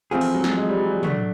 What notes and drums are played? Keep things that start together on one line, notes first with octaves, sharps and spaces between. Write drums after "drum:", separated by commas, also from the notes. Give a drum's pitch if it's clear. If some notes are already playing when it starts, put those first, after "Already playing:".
E3 F3 A3 C4 F4 G#4
drum: open hi-hat
F#3
drum: snare
G#3
G3
F#3
G3
F#3 A3 D4, drum: tom